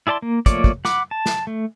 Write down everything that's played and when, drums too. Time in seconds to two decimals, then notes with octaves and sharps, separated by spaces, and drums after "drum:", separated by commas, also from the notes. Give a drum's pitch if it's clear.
0.07 E4 G#4 D5 A5 C6
0.22 A#3
0.46 F3 A3 A#3 C#5 D5, drum: kick, hi-hat
0.64 drum: kick
0.85 F#5 B5 D6, drum: snare
1.11 A5
1.26 drum: snare
1.47 A3